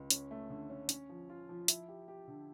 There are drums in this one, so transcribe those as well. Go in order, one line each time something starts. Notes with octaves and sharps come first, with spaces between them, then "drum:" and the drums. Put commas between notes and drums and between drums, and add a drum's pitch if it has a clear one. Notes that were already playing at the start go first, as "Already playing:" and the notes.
Already playing: C#2
C#4, drum: hi-hat
A3
D3
C#4
C#4, drum: hi-hat
F3
F4
F3
E4, drum: hi-hat
G4
G4
D3